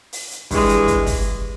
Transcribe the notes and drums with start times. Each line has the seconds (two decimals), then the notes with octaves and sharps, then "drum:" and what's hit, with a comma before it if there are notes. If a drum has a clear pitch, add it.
0.13 drum: open hi-hat
0.31 drum: hi-hat
0.51 G2 E3 G#3, drum: kick, open hi-hat
0.69 drum: hi-hat
0.88 drum: kick, hi-hat
1.07 drum: kick, open hi-hat